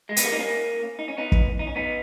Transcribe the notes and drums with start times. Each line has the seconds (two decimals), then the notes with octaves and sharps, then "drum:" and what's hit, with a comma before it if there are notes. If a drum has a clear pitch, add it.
0.09 G#3
0.17 B3, drum: hi-hat
0.24 G3 A#3
0.32 D#4
0.38 A#3 C#4
0.99 D#4
1.08 C#4
1.18 B3 D#4
1.32 drum: kick
1.59 D#4
1.67 C#4
1.76 B3 D#4